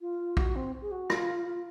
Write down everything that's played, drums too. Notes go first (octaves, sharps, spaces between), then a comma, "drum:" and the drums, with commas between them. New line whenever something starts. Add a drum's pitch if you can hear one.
F4
F#4, drum: kick
C4
G#4
F#4
F4, drum: rim click
F4